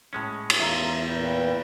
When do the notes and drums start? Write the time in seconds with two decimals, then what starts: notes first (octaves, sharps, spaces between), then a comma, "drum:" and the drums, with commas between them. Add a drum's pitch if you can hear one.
0.13 A2 G#3 C#4
0.50 drum: cymbal
0.60 E2 F4 E5 A#5
1.06 A#2 B4 G5